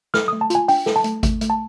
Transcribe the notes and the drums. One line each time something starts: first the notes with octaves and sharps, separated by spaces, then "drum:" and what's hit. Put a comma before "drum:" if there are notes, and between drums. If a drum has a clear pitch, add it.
A4 F6, drum: snare
A3 D#6
A5
F4 G#5, drum: hi-hat
D4 G5, drum: open hi-hat
A4, drum: snare
A5
A3, drum: hi-hat
A3, drum: kick G#1, hi-hat
A3, drum: hi-hat
A5